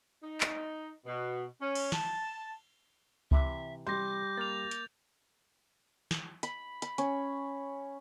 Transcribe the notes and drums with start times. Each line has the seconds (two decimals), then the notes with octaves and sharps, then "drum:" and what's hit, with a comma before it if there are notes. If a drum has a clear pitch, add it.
0.22 D#4
0.41 drum: clap
1.05 B2
1.61 C#4
1.75 drum: cymbal
1.92 A5, drum: snare
3.31 C3 E3 E5, drum: kick C#2
3.87 G3 C6 D6 G6 A#6
4.38 A#3 A6 F7
4.71 drum: hi-hat
6.11 drum: snare
6.43 B5, drum: hi-hat
6.82 B5, drum: hi-hat
6.98 C#4, drum: hi-hat